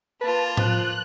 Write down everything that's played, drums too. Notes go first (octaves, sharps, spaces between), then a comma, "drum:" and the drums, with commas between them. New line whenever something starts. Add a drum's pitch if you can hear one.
A#3 F4 B4 A5
F3 F#6, drum: tom A2